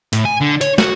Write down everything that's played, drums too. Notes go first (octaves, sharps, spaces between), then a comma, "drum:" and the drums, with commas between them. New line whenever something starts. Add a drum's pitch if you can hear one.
A2, drum: hi-hat
G#5
D3
C#5, drum: hi-hat
F#4, drum: snare